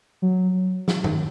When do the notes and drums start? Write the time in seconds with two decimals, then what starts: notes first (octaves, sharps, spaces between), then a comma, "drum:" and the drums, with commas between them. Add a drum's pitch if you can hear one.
0.22 F#3
0.88 drum: snare
1.04 D#3, drum: tom G2